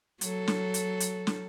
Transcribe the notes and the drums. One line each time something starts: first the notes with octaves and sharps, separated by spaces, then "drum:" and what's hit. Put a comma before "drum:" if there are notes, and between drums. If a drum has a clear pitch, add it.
F#3 A4, drum: hi-hat
drum: snare
drum: hi-hat
drum: hi-hat
drum: snare